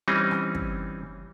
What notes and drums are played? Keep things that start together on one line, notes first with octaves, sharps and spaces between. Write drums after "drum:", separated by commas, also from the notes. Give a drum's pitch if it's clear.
E3 G3 C4 C#4 D#4
drum: rim click
drum: kick